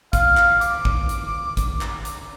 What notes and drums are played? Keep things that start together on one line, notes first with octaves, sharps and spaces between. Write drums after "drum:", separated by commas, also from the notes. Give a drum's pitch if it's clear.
F5, drum: kick, hi-hat
drum: clap
D6, drum: hi-hat
drum: kick
drum: hi-hat
drum: kick, hi-hat
drum: clap
drum: hi-hat